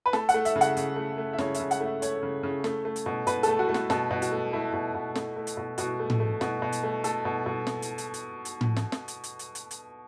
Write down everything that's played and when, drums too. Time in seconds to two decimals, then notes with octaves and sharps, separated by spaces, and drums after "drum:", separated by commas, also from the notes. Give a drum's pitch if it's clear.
0.06 B4
0.13 A3 A4, drum: snare
0.29 F#5, drum: hi-hat
0.34 A3
0.45 E5, drum: hi-hat
0.56 C#3
0.61 F#5, drum: hi-hat
0.77 C#3, drum: hi-hat
0.96 A3
1.18 A3
1.33 E5
1.38 C#3 C#5, drum: snare
1.54 E5, drum: hi-hat
1.60 C#3
1.71 F#5, drum: hi-hat
1.81 A3 E5
2.02 A3 C#5, drum: hi-hat
2.23 C#3
2.43 C#3
2.64 A3, drum: snare
2.85 A3
2.96 drum: hi-hat
3.06 B2
3.27 B2 B4, drum: hi-hat
3.43 A3 A4, drum: hi-hat
3.59 F#4
3.69 A3
3.74 F#4, drum: snare
3.90 B2 A4, drum: snare
4.11 B2
4.22 F#4, drum: hi-hat
4.32 A3
4.53 A3 E4
4.74 B2
4.95 B2
5.15 A3, drum: snare
5.36 A3
5.47 drum: hi-hat
5.57 B2
5.78 B2 F#4, drum: hi-hat
6.00 A3
6.10 drum: tom A2
6.20 A3
6.41 B2, drum: snare
6.62 B2
6.72 drum: hi-hat
6.84 A3
7.04 A3 A4, drum: hi-hat
7.25 B2
7.46 B2
7.67 drum: snare
7.82 drum: hi-hat
7.98 drum: hi-hat
8.14 drum: hi-hat
8.45 drum: hi-hat
8.61 drum: tom A2
8.76 drum: snare
8.92 drum: snare
9.08 drum: hi-hat
9.24 drum: hi-hat
9.39 drum: hi-hat
9.55 drum: hi-hat
9.71 drum: hi-hat